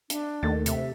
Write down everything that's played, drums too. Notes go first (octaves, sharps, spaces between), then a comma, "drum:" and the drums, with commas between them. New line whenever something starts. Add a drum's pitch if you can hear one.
D4, drum: hi-hat
D#2 D#3 A3 A6
C3 E5, drum: hi-hat